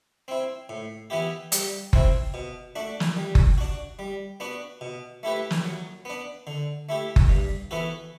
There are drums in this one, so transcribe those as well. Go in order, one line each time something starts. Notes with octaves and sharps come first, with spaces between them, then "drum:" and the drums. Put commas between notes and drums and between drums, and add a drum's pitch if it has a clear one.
C4 E4
A2
E3 B3 E4 G4
G3, drum: hi-hat
C4 E4, drum: kick F#1
B2
A3 D4 F#4
drum: snare
G3
drum: kick F#1
D4 F#4
G3
B3 D4 F#4
B2
A3 E4 G4 B4
drum: snare
F#3
B3 D4
D3
A3 E4 G4
drum: kick F#1
G2
E3 B3 F#4 A4